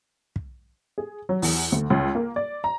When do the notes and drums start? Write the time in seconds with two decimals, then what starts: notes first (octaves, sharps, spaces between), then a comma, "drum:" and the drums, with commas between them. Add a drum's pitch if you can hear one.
0.36 drum: kick
0.98 G#4
1.29 F#3
1.42 E2, drum: open hi-hat
1.72 D2
1.90 C#2
2.15 A#3
2.36 D5
2.64 A#5